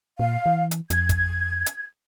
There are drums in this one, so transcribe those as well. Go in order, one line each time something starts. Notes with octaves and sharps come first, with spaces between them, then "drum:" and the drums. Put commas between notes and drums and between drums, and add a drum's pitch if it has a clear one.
A#2 F5
E3
drum: hi-hat
F2 G#6, drum: hi-hat
drum: kick, hi-hat
drum: hi-hat